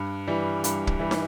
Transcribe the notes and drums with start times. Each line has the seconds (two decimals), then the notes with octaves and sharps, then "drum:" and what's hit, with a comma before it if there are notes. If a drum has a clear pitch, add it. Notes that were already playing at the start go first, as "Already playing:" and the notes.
Already playing: G2
0.27 E3 G3
0.64 G2, drum: hi-hat
0.87 drum: kick
0.99 E3 G3
1.11 drum: snare